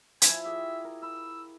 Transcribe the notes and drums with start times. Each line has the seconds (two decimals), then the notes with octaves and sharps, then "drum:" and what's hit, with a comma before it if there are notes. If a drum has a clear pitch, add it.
0.22 F3 E4 G#5, drum: hi-hat
0.45 G4 G#4 E5
0.84 A#4
1.02 B5 E6